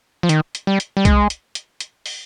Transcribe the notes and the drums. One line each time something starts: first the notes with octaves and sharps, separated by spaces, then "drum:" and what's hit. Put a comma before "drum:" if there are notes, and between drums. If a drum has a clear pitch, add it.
F3
D#3, drum: hi-hat
drum: hi-hat
G3
drum: hi-hat
G3
G#3, drum: kick B1, hi-hat
drum: hi-hat
drum: hi-hat
drum: hi-hat
drum: open hi-hat